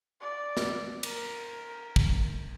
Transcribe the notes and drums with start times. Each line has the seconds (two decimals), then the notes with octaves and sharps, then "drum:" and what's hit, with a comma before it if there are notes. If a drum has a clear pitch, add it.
0.21 D5
0.57 drum: snare
1.03 A#4, drum: cymbal
1.96 drum: kick